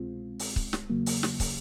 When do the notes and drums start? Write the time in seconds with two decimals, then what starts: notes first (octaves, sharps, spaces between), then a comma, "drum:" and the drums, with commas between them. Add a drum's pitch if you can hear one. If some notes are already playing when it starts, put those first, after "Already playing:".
Already playing: C2 B2 G#3 C4 F4
0.39 drum: open hi-hat
0.56 drum: kick
0.73 drum: snare
0.90 E2 C#3 F#3 A#3
1.06 drum: open hi-hat
1.23 drum: snare
1.40 drum: kick, open hi-hat